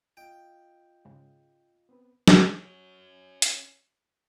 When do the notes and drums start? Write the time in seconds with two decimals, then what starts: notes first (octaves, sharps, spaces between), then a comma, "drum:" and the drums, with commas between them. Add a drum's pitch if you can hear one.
0.17 F4 D#5 F5 G5
1.05 G#2 C#3 G#3
1.89 B3 C4 B4
2.28 drum: snare
2.46 C#4 F#4
3.42 drum: hi-hat